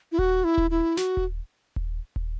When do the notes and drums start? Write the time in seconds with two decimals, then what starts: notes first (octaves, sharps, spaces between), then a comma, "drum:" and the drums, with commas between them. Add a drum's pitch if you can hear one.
0.12 E4
0.19 F#4, drum: kick D#1
0.44 E4
0.58 drum: kick D#1
0.71 E4
0.97 F#4, drum: snare
1.17 drum: kick D#1
1.76 drum: kick D#1
2.16 drum: kick D#1